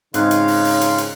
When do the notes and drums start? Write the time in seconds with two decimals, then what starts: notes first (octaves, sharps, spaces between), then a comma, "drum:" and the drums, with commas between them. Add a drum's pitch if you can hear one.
0.14 G#2 C#3 C4 D#4 F4 C#5 F5 F#6, drum: hi-hat
0.31 drum: hi-hat
0.48 drum: open hi-hat
0.65 drum: open hi-hat
0.81 drum: hi-hat
0.98 drum: hi-hat